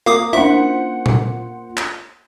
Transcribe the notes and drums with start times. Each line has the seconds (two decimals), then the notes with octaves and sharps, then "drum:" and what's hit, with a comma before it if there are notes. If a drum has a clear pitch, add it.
0.06 A#3 F5 D6 D#6
0.33 A#3 C#4 D4 E4 F4 C5 E5 F#5
1.06 drum: tom A#2
1.77 drum: clap